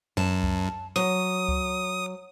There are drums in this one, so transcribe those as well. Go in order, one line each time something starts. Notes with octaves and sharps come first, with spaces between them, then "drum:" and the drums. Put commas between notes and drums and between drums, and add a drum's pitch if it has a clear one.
F#2 A5
drum: kick C#2
F#3 D#6
drum: kick C#2